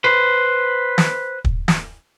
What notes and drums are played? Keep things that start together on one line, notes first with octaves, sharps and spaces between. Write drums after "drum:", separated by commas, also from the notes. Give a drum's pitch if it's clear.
B4 C5
drum: snare
drum: kick
drum: snare